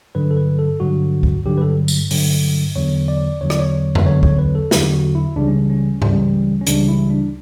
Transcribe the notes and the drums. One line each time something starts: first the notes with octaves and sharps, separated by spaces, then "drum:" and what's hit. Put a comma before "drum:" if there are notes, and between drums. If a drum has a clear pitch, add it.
G2 D3 F#3 B4
A4
B4
A4
G2 D3 F#3 F#4
drum: kick
G2 D3 F#3 G4
B4
A4
drum: tambourine
G2 D3 F#3, drum: open hi-hat
E2 D3 F#3 C#5
D5
E2 D3 F#3 C#5
D5, drum: rim click
C#5
B4, drum: tom F2
E2 D3 F#3 C#5
C#5, drum: kick
B4
A4
E2 D3 F#3 G4, drum: snare
F#4
E4
C#2 C#3 E3 G3 D4
C#4
C#4
C#2 C#3 E3 G3, drum: tom G2
C#4
C#2 C#3 E3 G3 D4, drum: hi-hat
E4
D4